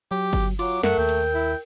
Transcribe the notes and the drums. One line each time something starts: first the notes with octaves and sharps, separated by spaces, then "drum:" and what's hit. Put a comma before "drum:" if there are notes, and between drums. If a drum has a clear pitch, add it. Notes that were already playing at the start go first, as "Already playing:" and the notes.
F#3 G4
drum: kick G1, cymbal
F#3 F4 D6, drum: cymbal
F#2 A3 A#4 F#5, drum: snare
D#2 G5
drum: cymbal
E4